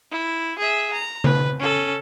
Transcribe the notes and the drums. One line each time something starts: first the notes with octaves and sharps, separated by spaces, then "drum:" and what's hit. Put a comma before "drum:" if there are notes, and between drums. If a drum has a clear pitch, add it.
E4
G#4 E5
A#5
B4, drum: tom C#3
C#4 A4